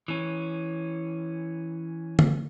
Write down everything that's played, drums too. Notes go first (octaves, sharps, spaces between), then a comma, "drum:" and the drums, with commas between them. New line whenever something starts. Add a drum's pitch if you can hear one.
E3 C#4
drum: tom D3